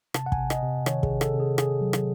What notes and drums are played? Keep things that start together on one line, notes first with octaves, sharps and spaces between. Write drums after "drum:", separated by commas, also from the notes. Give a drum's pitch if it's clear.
C3 A5, drum: rim click
F#5
G#5, drum: kick
C3
D#5, drum: rim click
C3
D#3 C#5, drum: rim click
G#4, drum: kick
C3
A4, drum: rim click
C3
G#4
C3 G#4, drum: rim click
F#3
drum: rim click